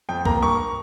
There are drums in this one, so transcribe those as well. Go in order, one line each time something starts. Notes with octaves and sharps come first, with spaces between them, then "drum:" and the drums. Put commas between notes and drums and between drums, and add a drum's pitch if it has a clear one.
F2 G5
A#3 A#5, drum: kick
G2 C#6